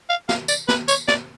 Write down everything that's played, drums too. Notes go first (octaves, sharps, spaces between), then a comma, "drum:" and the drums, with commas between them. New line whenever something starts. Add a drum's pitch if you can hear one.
F5
F5, drum: snare
D5, drum: tambourine
B4, drum: snare
C#5, drum: tambourine
D5, drum: snare